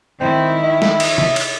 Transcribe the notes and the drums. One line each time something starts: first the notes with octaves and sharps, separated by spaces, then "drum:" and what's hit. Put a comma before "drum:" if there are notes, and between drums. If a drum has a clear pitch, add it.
D#3 C4 E4
E5
drum: snare
drum: cymbal
drum: tom C3
drum: cymbal